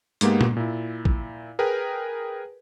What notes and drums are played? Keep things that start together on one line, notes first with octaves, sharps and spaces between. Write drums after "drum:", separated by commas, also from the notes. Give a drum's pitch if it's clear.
G#2 G#3 A#3 B3 G4, drum: hi-hat
drum: tom A#2
A#2 E4
drum: kick
G#4 A#4 B4 G5